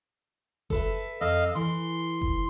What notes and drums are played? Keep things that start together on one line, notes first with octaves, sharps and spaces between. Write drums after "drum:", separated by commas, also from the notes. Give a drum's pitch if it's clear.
A4 B4 E5, drum: kick F#1
F2 D#5 F5 E6
E3 C6
drum: kick F#1